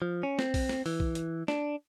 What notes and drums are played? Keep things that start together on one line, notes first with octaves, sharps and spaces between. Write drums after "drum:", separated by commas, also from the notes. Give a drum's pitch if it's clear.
F3
C#4
C4, drum: snare
drum: kick B1, open hi-hat
drum: snare
E3, drum: open hi-hat
drum: kick B1
drum: hi-hat
D4, drum: snare